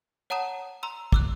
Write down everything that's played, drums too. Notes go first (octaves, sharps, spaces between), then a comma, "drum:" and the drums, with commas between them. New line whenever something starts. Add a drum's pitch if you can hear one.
C#5 F#5 A5 A#5 D#6 E7
A#5 C6 E6
D6 E6 F#6, drum: kick